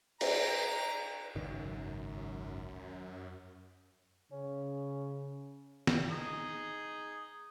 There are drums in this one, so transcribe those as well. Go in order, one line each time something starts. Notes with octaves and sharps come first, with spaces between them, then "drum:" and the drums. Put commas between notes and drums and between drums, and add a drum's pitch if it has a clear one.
A#5, drum: cymbal
G#1 C#2 F#2 D#3
C#3 C#4
drum: snare
D#4 G#4